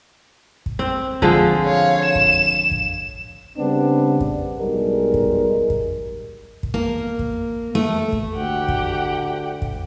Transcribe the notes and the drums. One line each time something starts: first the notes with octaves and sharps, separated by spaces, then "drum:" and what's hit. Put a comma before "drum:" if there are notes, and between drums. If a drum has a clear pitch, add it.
drum: kick
C4
D3 F3 G#3, drum: kick
C#5 F5
E7
drum: kick
drum: kick
C#3 G3 B3 C4 D4
drum: kick
B1 G3 G#3 A#4
drum: kick
drum: kick
drum: kick
A#3
drum: kick
A3
drum: kick
D2 G4 F#5 G5
drum: kick
drum: kick